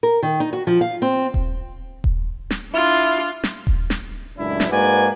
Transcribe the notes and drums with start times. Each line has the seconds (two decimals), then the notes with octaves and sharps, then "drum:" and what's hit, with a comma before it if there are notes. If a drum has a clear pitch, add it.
0.03 A#4
0.23 D#3
0.40 D#4
0.53 F#4
0.67 F3
0.81 F5
1.02 C4
1.34 drum: kick D#1
2.04 drum: kick D#1
2.50 drum: snare
2.74 D4 E4 F4
3.43 drum: snare
3.67 drum: kick D#1
3.90 drum: snare
4.37 C#2 F#2 A2 D4 E4
4.60 drum: snare
4.70 G#2 A#3 F#4 B4 D5 G#5